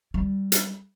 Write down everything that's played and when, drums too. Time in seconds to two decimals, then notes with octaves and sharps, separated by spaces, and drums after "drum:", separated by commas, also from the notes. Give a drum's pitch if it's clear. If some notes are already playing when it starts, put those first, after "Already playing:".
0.14 G3
0.52 drum: hi-hat